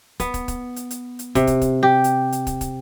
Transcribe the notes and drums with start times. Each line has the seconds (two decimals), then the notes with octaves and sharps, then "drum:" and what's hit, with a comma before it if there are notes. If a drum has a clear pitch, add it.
0.20 B3, drum: kick, hi-hat
0.34 drum: kick, hi-hat
0.48 drum: kick, hi-hat
0.76 drum: hi-hat
0.91 drum: hi-hat
1.19 drum: hi-hat
1.35 C3, drum: kick, hi-hat
1.47 drum: kick, hi-hat
1.61 drum: kick, hi-hat
1.83 G4
2.04 drum: hi-hat
2.32 drum: hi-hat
2.47 drum: kick, hi-hat
2.61 drum: kick, hi-hat